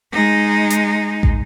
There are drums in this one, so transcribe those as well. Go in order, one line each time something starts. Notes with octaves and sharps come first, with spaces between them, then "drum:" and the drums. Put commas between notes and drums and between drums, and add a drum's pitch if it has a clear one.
G#3 D#4
drum: hi-hat
drum: kick